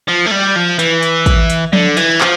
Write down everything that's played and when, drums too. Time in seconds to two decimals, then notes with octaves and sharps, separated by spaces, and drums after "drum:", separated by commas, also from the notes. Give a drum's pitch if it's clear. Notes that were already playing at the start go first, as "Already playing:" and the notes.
0.08 F3
0.27 A3
0.32 G3
0.56 F3
0.79 E3, drum: hi-hat
1.03 drum: hi-hat
1.26 drum: kick, hi-hat
1.50 drum: hi-hat
1.73 D3, drum: tom F3
1.97 E3, drum: hi-hat
2.21 F3, drum: clap